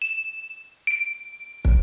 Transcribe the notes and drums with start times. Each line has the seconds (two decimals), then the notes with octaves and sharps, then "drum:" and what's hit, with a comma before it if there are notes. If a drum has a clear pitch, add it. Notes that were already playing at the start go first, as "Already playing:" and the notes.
0.02 E7
0.87 D7
1.65 drum: kick